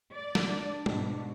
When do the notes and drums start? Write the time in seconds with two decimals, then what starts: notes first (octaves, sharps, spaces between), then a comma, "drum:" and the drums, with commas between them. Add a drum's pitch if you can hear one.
0.14 D5
0.35 drum: snare
0.45 D4
0.86 G#2 B2, drum: tom